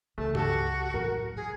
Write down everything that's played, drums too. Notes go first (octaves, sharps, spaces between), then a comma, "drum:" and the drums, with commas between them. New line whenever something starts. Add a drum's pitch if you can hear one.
C#2 A3 A5
F#4 G4 A4 A5, drum: tom G2
A2 F#3 A#4
G#2 G#4